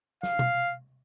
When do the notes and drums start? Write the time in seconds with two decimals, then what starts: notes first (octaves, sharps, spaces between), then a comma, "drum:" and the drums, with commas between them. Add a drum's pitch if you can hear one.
0.23 F5, drum: snare
0.39 drum: tom B2